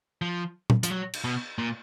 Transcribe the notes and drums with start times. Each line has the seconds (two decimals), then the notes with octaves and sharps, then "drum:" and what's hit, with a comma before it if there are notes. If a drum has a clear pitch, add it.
0.21 F3
0.70 drum: tom A#2
0.83 F3, drum: hi-hat
0.90 F#3
1.14 drum: cymbal
1.24 B2
1.58 A#2